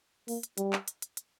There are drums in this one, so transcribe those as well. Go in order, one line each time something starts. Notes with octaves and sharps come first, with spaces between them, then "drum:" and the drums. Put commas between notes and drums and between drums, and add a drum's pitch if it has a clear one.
A#3, drum: open hi-hat
drum: hi-hat
G3, drum: hi-hat
drum: clap
drum: hi-hat
drum: hi-hat
drum: hi-hat